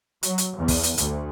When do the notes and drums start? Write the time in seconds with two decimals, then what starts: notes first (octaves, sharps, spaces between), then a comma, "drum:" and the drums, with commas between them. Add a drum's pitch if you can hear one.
0.23 F#3, drum: hi-hat
0.38 drum: hi-hat
0.55 E2
0.68 drum: kick, open hi-hat
0.83 drum: hi-hat
0.98 D2, drum: hi-hat